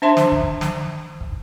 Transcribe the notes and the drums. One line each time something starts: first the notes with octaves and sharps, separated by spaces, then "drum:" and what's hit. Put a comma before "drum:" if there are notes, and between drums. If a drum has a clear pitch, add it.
D4 C5 E5 A5 C6
drum: snare
drum: kick
drum: snare
drum: kick